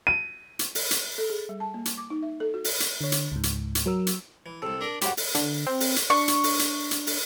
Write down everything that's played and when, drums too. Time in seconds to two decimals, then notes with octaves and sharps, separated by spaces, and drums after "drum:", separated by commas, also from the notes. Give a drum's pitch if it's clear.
0.07 D#7
0.59 drum: hi-hat
0.75 drum: open hi-hat
0.91 drum: hi-hat
1.18 A4
1.30 G#4
1.49 G3
1.60 A5
1.74 A#3
1.85 drum: hi-hat
1.97 D6
2.10 D#4
2.22 E5
2.40 A4
2.54 F#4
2.64 drum: open hi-hat
2.80 drum: hi-hat
3.01 D3 C#5
3.12 drum: hi-hat
3.32 C#2 G#2
3.43 drum: hi-hat
3.75 drum: hi-hat
3.86 F#3 A#4 E6
4.07 drum: hi-hat
4.46 E3
4.62 C2 C3 A4
4.81 D4 A#4 A#5
5.01 F#2 C#3 G3 G4 C5 F#5, drum: hi-hat
5.17 drum: open hi-hat
5.35 D3, drum: hi-hat
5.67 C4
5.80 drum: open hi-hat
5.96 drum: hi-hat
6.10 D4 C#6
6.28 drum: hi-hat
6.44 drum: open hi-hat
6.59 drum: hi-hat
6.91 drum: hi-hat
7.07 drum: open hi-hat